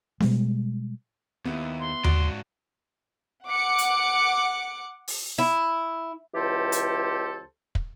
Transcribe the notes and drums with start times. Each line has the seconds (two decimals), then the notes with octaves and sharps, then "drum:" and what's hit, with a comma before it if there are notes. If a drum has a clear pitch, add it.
0.20 B2 G3 G#3, drum: snare B3
1.45 D#2 B3 E4
1.80 C6
2.04 G#2 F#4 D5, drum: tom D#2
3.48 F#5 D6 C#7
3.78 drum: hi-hat
5.08 drum: open hi-hat
5.38 E4
6.35 C#2 E3 G4 A4 C5
6.72 drum: hi-hat
7.75 drum: kick